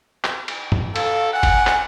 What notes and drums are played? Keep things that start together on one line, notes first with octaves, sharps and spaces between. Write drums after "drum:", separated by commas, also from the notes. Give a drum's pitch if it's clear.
drum: clap
drum: cymbal
drum: tom
A4 F5, drum: cymbal
F#5 G#5
drum: kick F#1, cymbal
drum: clap